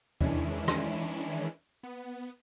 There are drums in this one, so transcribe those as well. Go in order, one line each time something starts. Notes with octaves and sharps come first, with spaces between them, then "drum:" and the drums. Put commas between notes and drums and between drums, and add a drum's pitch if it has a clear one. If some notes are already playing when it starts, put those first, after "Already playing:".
D#3 E3 G#3 C#4 D4 E4, drum: tom E2
drum: rim click
B3